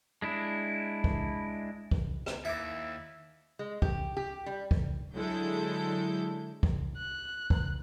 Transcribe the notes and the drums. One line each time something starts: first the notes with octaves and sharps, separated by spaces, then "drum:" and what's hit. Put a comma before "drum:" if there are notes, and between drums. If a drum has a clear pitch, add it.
G#3 D4 E4
drum: kick
drum: kick
drum: rim click
D#2 E4 E5 D6
G#3
G4, drum: kick
G4
G3
drum: kick
D3 F#3 G#3 E4 A4 G6
drum: kick
F#6
drum: kick